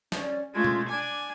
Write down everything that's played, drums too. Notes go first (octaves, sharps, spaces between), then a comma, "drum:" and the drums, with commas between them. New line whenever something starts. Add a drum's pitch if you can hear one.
C#4 D5, drum: snare
G#3 A3 C#4 F4 G#6
drum: tom B2
D4 G#5 D6